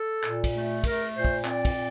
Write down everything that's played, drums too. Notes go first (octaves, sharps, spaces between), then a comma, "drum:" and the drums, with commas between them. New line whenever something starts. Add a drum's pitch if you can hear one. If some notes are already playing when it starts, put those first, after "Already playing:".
Already playing: A4
A#2, drum: clap
drum: kick, cymbal
A3
A3 A#4, drum: kick, cymbal
A#2 C5
drum: kick
C4 D5, drum: clap
drum: kick, cymbal
A#2